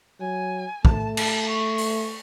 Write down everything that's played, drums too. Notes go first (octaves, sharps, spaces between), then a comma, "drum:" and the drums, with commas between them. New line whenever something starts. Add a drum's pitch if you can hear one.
F#3 G#5
A3 A5, drum: kick
A5, drum: cymbal
C#6
drum: open hi-hat